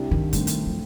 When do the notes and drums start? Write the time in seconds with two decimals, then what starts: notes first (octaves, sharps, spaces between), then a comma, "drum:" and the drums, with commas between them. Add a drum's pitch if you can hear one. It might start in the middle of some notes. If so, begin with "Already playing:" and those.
Already playing: C2 C3 G3 D4
0.11 D#3
0.33 G2 D3 A3 C4, drum: kick, hi-hat
0.47 drum: hi-hat
0.67 F3